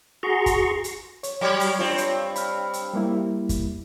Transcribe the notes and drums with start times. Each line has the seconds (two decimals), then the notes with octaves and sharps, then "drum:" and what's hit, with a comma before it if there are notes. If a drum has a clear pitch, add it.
0.23 F#4 G#4 A#5 C6 C#6
0.46 drum: kick, hi-hat
0.84 drum: hi-hat
1.23 C#5, drum: hi-hat
1.41 F#3 G3 C#5 G5
1.60 drum: open hi-hat
1.79 G2 C4 F4 C#5
1.98 drum: hi-hat
2.36 B5 F6, drum: hi-hat
2.73 drum: hi-hat
2.94 G3 A#3 E4
3.49 drum: kick, hi-hat